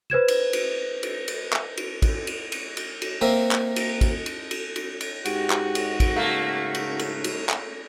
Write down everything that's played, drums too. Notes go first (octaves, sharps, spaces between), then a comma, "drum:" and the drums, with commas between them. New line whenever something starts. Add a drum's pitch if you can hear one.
B4 C5 G#6 E7
drum: cymbal
drum: cymbal
drum: cymbal
drum: cymbal
drum: clap
drum: cymbal
drum: kick, cymbal
drum: cymbal
drum: cymbal
drum: cymbal
drum: cymbal
A#3 C4 E5
drum: clap
drum: cymbal
drum: kick, cymbal
drum: cymbal
drum: cymbal
drum: cymbal
drum: cymbal
G#2 F#4 G4, drum: cymbal
drum: clap
drum: cymbal
drum: kick, cymbal
C#3 A3 A#3
drum: cymbal
drum: cymbal
drum: cymbal
drum: clap